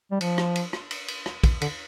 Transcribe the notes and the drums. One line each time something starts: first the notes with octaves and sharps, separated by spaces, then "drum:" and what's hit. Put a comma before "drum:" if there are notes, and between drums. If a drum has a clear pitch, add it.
G3
F3, drum: cymbal
drum: rim click
drum: cymbal
drum: rim click
drum: cymbal
drum: cymbal
drum: rim click
drum: kick, cymbal
D3, drum: cymbal